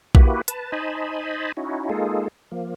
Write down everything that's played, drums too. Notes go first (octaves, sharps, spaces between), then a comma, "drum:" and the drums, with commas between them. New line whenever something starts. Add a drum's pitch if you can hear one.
A#3 E4 F#4 G4 B4, drum: kick A#1
B4 A5, drum: hi-hat
D#4 C5 D#5 G#5 A5 B5
C#4 D#4 E4 F#4
G#3 A#3 D#4 F4 G#4 A4
F3 A#3